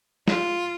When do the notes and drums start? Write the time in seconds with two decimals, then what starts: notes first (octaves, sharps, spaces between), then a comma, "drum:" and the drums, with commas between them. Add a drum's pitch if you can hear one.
0.28 F4, drum: snare